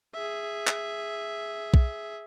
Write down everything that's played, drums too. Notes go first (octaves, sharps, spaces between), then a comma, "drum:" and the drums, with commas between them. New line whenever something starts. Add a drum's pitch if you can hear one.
G#4 E5
drum: clap
drum: kick B1